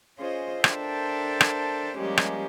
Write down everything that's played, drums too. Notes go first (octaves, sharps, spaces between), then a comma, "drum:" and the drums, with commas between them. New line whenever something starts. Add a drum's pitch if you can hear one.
C#4 F4 G#4 C5 D#5
D4 A4 A#4 C5 E5 G5, drum: rim click
drum: rim click
F3 G3 G#3 A#3 C#4 G4
drum: rim click